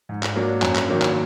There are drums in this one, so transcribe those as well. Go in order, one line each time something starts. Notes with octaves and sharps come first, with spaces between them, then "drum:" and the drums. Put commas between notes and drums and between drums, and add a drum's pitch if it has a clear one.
G#2
drum: clap
F#3 A#3 D4
F#2, drum: clap
drum: clap
D#3 F#3 A#3 D4
drum: clap